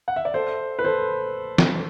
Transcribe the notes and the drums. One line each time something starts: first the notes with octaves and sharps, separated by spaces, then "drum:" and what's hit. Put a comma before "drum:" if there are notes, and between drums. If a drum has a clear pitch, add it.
F#5
E5
D5
A4 C5
B4
A4 C5
drum: snare